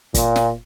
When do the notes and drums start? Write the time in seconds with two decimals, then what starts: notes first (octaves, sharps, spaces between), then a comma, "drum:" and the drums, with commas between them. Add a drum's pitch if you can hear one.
0.14 A#2, drum: kick, hi-hat
0.36 drum: snare